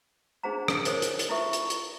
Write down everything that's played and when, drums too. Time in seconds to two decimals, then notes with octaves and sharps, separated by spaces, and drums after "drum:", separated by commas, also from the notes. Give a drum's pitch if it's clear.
0.43 D4 D#4 G#4 C5 F#5 A#5
0.68 drum: rim click
0.85 D#4 A#4 C5 C#5 D#6, drum: hi-hat
1.02 drum: hi-hat
1.19 drum: hi-hat
1.29 E4 F4 A4 B4 E5 C#6
1.53 drum: hi-hat
1.70 drum: hi-hat